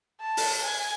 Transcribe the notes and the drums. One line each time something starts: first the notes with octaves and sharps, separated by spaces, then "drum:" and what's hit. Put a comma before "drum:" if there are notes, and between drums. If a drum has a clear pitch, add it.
A5
drum: open hi-hat
G#5